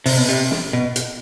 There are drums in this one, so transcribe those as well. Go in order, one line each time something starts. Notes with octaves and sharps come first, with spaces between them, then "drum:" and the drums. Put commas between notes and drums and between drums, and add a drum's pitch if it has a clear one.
C3, drum: open hi-hat
B2
C3
drum: snare
B2
drum: hi-hat